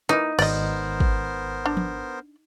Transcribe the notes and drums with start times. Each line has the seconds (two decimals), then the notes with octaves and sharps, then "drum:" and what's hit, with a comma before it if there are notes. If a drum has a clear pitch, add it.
0.09 E3 A#3 D#4
0.39 G#1 B3 A#4 C5 D5 D#5, drum: cymbal
1.00 drum: kick
1.66 D4
1.77 drum: tom